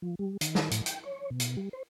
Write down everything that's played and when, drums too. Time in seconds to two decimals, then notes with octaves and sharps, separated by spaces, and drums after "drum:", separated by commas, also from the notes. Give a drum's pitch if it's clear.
0.02 F3
0.19 G3
0.41 D#3, drum: hi-hat
0.55 drum: snare
0.71 A2, drum: hi-hat
0.86 G5, drum: hi-hat
1.04 C#5
1.31 B2
1.40 drum: hi-hat
1.57 G3
1.73 C5